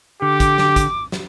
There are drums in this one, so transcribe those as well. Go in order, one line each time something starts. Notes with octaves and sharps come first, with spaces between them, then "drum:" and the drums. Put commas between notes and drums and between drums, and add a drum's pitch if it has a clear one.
D3 G4 D6
drum: kick, hi-hat
drum: snare
drum: kick, hi-hat
drum: snare